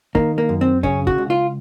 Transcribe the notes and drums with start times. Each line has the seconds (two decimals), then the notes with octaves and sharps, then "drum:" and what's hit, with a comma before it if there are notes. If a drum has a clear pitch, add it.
0.15 D#3 A#3, drum: kick
0.38 A#3
0.49 F#2
0.61 C4
0.83 C#3 C#4, drum: kick
1.07 F#4, drum: kick
1.18 C#2
1.30 F4